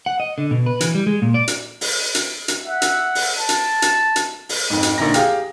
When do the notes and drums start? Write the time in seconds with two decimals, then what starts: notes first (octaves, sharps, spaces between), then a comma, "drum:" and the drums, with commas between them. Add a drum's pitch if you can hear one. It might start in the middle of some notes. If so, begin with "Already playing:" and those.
0.06 F#5
0.20 D#5
0.38 D3
0.51 B2
0.66 B4
0.81 E3, drum: hi-hat
0.95 G3
1.07 G#3
1.22 A#2
1.34 D5
1.48 drum: hi-hat
1.81 drum: open hi-hat
2.15 drum: hi-hat
2.48 drum: hi-hat
2.66 E5 F#5
2.82 drum: hi-hat
3.15 drum: open hi-hat
3.39 A5
3.49 drum: hi-hat
3.82 drum: hi-hat
4.16 drum: hi-hat
4.49 drum: open hi-hat
4.70 F2 G#2
4.83 drum: hi-hat
4.98 A#1 D3 D#3 E4 A#5 A#6
5.14 G4 G#4 F5 G5, drum: hi-hat